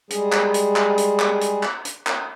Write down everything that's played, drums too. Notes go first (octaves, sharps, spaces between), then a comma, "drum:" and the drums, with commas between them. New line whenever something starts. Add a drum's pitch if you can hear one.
G3 G#3 G#4, drum: hi-hat
drum: clap
drum: hi-hat
drum: clap
drum: hi-hat
drum: clap
drum: hi-hat
drum: clap
drum: hi-hat
drum: clap